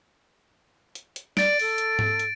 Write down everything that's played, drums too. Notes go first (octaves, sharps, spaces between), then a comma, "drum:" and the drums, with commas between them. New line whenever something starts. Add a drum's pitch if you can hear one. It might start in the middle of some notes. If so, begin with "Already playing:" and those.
drum: hi-hat
drum: hi-hat
D5 A6 D7, drum: snare
A4, drum: open hi-hat
drum: hi-hat
drum: tom G#2
drum: hi-hat